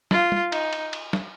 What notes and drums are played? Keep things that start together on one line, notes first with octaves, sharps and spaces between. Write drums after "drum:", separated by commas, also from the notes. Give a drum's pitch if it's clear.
F4, drum: snare
drum: tom
D#4, drum: cymbal
drum: cymbal
drum: cymbal
drum: snare